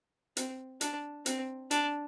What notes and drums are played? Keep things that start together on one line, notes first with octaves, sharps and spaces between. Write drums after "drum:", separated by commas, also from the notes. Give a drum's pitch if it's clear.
C4, drum: hi-hat
D4, drum: hi-hat
C4, drum: hi-hat
D4, drum: hi-hat